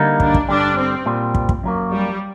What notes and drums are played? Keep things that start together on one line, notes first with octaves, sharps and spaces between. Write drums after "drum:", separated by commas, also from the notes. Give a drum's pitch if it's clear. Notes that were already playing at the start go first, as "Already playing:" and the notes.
Already playing: D3 G3 A#3 D#4
D4, drum: kick
drum: kick
G2 D3 G3 D4
C4
A#2 G3 C4
drum: kick
drum: kick
F#2 F#3 A#3
G3